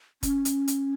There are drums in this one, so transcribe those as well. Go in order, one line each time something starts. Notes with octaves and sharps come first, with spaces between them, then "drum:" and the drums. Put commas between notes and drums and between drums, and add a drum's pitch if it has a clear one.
C#4, drum: kick F1, hi-hat
drum: hi-hat
drum: hi-hat